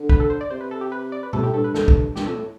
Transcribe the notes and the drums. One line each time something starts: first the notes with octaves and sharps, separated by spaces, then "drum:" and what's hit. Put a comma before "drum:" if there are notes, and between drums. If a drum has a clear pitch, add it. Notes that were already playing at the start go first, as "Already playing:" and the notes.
Already playing: D3
B4, drum: kick
A4
C5
D5
C3 C5
B4
A4
G4
B4
D5
B4
C3 A4, drum: tom A#2
A2 G4
G2 A4
G2 B4
A4, drum: snare
drum: kick
G2 G4, drum: snare
F2 A4
A2